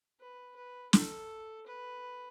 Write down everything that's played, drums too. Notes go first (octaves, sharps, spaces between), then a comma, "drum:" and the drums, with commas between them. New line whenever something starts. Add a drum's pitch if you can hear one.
B4
B4
A4, drum: snare
B4